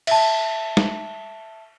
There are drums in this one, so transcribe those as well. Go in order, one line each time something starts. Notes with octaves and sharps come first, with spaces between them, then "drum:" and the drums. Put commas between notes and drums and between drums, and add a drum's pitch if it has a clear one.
E5 A5, drum: cymbal
drum: snare